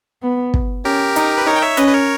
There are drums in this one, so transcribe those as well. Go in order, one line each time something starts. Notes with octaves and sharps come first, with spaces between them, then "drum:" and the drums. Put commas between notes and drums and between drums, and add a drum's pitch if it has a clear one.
B3
drum: kick
C#4 G4 A#4
D#4, drum: hi-hat
B4
D#4 A#4 C#5
G5
C#5 E5
C#4 B4 D#5, drum: hi-hat
B4
A#4 C#5